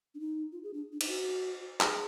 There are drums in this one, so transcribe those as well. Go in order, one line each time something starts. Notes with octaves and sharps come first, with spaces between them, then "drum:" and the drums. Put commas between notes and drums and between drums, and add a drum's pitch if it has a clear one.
D4
D#4
F4
G#4
D4
D4
D#4, drum: cymbal
F#4
G#4, drum: clap